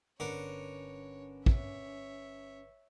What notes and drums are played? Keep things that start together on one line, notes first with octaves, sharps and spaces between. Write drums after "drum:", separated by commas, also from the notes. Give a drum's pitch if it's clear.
G1 D3 C#4 A#4 B4 C#5 C#7
C#5 E5, drum: kick